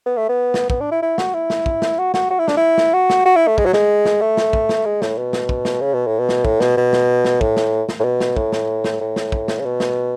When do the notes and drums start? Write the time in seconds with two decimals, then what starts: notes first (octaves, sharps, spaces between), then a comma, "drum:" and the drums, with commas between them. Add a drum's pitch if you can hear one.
0.06 B3
0.17 A3
0.29 B3
0.54 drum: snare
0.70 B3, drum: kick
0.81 D4
0.92 E4
1.02 E4
1.18 F#4, drum: snare
1.34 E4
1.50 drum: snare
1.66 drum: kick
1.82 drum: snare
1.98 F#4
2.14 F#4, drum: snare
2.30 F#4
2.39 E4
2.48 D4, drum: snare
2.57 E4
2.78 drum: snare
2.93 F#4
3.10 drum: snare
3.25 F#4
3.36 E4
3.47 A3
3.58 G#3, drum: kick
3.65 F#3
3.73 G#3, drum: snare
4.05 drum: snare
4.21 A3
4.37 drum: snare
4.53 drum: kick
4.69 drum: snare
4.85 G#3
5.02 A2, drum: snare
5.18 B2
5.33 drum: snare
5.49 drum: kick
5.65 drum: snare
5.81 C#3
5.93 B2
6.07 A2
6.19 B2
6.29 drum: snare
6.45 A2, drum: kick
6.61 B2, drum: snare
6.77 B2
6.93 drum: snare
7.25 drum: snare
7.41 A2, drum: kick
7.57 drum: snare
7.89 drum: snare
8.00 A2
8.04 B2
8.21 drum: snare
8.36 A2, drum: kick
8.52 drum: snare
8.84 drum: snare
9.00 A2
9.16 drum: snare
9.32 drum: kick
9.48 drum: snare
9.59 C#3
9.65 B2
9.80 drum: snare